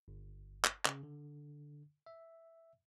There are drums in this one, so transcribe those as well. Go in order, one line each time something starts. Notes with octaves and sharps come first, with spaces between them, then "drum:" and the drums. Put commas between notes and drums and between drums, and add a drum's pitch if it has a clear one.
G1
drum: clap
C#3, drum: clap
D3
E5